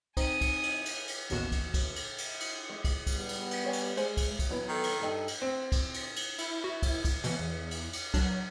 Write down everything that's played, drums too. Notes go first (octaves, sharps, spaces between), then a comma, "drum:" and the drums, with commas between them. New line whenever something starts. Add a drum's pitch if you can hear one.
C4 D#4 D#5 G#5 D#6, drum: kick, cymbal
drum: kick, cymbal
drum: cymbal
drum: cymbal
drum: cymbal
A1 D#2 B2 F#4 E7, drum: cymbal
drum: kick, cymbal
drum: kick, cymbal
drum: cymbal
drum: cymbal
drum: cymbal
G#3
drum: kick, cymbal
drum: kick, cymbal
G3 B3
drum: cymbal
drum: cymbal
F#4 C#5 G#5
drum: cymbal
G#3 C5 D5 G#5, drum: cymbal
drum: kick, cymbal
drum: kick, cymbal
E2 F#3 B3 E4
D#3 A4
drum: cymbal
G2 D#4 A4
drum: cymbal
C4
drum: kick, cymbal
drum: cymbal
drum: cymbal
E4, drum: cymbal
F#4
drum: kick, cymbal
drum: kick, cymbal
B2 E3 B3, drum: cymbal
E2
drum: cymbal
drum: cymbal
C2 F#3 D4, drum: kick, cymbal